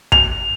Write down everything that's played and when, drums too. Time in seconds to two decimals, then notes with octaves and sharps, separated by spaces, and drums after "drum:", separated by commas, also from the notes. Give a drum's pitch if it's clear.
0.12 F7, drum: kick